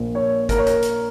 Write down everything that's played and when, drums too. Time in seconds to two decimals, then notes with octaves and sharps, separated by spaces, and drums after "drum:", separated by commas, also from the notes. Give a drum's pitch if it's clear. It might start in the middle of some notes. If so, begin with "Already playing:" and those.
Already playing: A#1 A#2 A#3
0.15 C#5
0.49 A#4, drum: kick, hi-hat
0.58 C#5
0.67 A#4, drum: hi-hat
0.82 drum: hi-hat